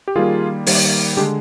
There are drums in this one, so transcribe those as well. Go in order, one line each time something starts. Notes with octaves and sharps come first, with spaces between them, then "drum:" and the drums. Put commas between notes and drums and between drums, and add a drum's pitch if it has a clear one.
G4
D#3 G3 A#3 F4 G#4
D#3 G3 A#3, drum: open hi-hat
D3 G#3 G4